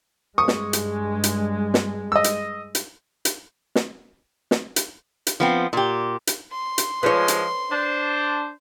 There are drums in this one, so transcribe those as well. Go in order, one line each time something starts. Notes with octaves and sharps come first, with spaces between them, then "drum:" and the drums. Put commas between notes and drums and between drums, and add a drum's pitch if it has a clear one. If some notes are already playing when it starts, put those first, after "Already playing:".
G2 G#3 C#6 D#6
drum: snare
drum: hi-hat
drum: hi-hat
drum: snare
D#5 E6
drum: hi-hat
drum: hi-hat
drum: hi-hat
drum: snare
drum: snare
drum: hi-hat
drum: hi-hat
F3 B3 C4
A#2 G4
drum: hi-hat
C6
drum: hi-hat
F3 G#3 B4 C#5
drum: hi-hat
D4 C5